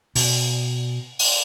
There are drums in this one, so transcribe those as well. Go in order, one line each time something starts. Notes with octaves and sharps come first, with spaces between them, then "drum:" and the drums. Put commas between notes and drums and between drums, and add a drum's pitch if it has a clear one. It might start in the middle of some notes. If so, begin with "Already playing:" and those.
B2, drum: open hi-hat
drum: open hi-hat